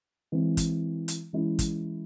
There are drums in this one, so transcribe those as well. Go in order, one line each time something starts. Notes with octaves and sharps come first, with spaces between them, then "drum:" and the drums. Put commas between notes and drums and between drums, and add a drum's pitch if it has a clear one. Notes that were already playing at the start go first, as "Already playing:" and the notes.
E3 G#3 C4
drum: kick, hi-hat
drum: hi-hat
E3 G#3 C#4 E4
drum: kick, hi-hat